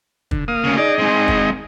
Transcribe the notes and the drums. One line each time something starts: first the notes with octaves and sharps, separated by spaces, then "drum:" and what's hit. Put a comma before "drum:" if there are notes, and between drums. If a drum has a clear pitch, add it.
D3, drum: kick
A#3 F5 D#6
D2 C#3
D#4 G#4 D5 D#5
G#3 C4
drum: kick